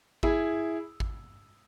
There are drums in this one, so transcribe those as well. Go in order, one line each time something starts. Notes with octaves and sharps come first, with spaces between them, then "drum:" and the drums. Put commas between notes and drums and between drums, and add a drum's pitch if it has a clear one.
E4 G#4, drum: kick G#1
drum: kick G#1